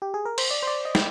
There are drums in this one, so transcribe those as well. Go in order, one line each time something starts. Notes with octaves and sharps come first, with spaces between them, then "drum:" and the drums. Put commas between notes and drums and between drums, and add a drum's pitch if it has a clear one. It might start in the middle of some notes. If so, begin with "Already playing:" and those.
G4
G#4
A#4
C5, drum: cymbal
D5
C5
D5
D#5
G5, drum: snare